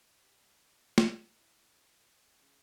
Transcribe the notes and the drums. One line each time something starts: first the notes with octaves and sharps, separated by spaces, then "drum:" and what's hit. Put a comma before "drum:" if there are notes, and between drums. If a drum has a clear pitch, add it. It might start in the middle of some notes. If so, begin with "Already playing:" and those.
G4
G3
drum: snare
E4
C#3